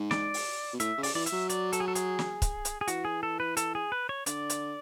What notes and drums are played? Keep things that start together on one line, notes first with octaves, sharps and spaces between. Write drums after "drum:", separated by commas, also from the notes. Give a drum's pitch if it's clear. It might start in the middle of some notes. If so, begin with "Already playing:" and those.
Already playing: G#2
D5, drum: snare
drum: open hi-hat
B2
A2 E5, drum: hi-hat
C#3
D5, drum: open hi-hat
E3 D5
E5, drum: hi-hat
F#3
D5, drum: hi-hat
A4, drum: hi-hat
G#4
A4
G#4, drum: hi-hat
drum: snare
drum: kick, hi-hat
drum: hi-hat
G#4
E3 F#4, drum: hi-hat
G#4
A4
B4
A4, drum: hi-hat
G#4
B4
C#5
D3 D5, drum: hi-hat
drum: hi-hat